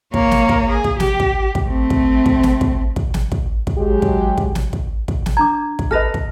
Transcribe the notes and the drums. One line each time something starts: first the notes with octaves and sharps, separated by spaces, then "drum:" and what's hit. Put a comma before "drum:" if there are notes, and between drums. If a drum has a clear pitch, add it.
A#3 C#5, drum: kick
drum: snare
drum: kick
G#4
drum: kick
G4, drum: snare
drum: kick
drum: kick
A3 C4
drum: kick
drum: kick
drum: snare
drum: kick
drum: kick
drum: snare
drum: kick
drum: kick
F#3 G#3 G4
drum: kick
drum: kick
drum: snare
drum: kick
drum: kick
drum: snare
D4 A#5 D6 G#6
drum: kick
A4 B4 D#5 F6 A#6 F7
drum: kick